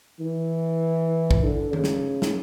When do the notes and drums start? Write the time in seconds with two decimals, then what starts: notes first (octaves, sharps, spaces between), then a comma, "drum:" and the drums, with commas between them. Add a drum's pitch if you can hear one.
0.20 E3
1.31 drum: kick
1.43 D3
1.73 C#3, drum: tom D#3
1.84 drum: snare
2.22 drum: snare